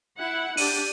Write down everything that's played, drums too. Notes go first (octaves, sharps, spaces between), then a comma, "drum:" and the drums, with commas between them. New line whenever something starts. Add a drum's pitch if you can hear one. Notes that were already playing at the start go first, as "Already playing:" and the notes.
E4 F#5
D4 G4 D#7, drum: open hi-hat